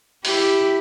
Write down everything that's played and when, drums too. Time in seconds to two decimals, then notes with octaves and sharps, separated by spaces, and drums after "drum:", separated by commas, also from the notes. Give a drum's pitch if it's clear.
0.25 E4 G4, drum: open hi-hat